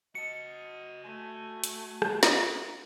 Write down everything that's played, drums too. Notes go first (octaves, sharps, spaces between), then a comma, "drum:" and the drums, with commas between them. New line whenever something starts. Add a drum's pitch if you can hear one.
F#4 D#5 A5 C#7
A3 G#5
drum: hi-hat
drum: rim click
drum: snare